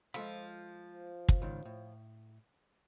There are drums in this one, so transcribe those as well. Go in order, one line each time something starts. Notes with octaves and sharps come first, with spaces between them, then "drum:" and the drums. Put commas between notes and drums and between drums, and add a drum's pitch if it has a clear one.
F3 G#3 A4 B5
drum: kick
C#2 G#2 D#3
A2